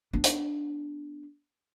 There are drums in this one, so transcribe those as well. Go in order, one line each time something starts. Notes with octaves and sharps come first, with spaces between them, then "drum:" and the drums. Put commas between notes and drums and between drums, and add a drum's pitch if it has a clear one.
B3 D4
drum: hi-hat